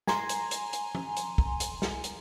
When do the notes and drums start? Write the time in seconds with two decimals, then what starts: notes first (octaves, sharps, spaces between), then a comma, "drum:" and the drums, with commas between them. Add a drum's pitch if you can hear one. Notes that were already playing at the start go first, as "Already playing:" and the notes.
0.07 G#5 A#5 C6, drum: snare
0.29 drum: hi-hat
0.51 drum: hi-hat
0.73 drum: hi-hat
0.95 drum: tom
1.16 drum: hi-hat
1.38 drum: kick
1.60 drum: hi-hat
1.82 drum: snare
2.04 drum: hi-hat